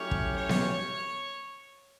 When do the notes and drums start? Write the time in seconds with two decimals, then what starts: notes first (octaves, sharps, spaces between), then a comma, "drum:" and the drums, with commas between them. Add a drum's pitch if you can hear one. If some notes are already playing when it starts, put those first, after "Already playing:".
Already playing: F#3 A3 C#4 E4 G4 C#5
0.11 drum: kick
0.36 C#5
0.49 drum: snare B3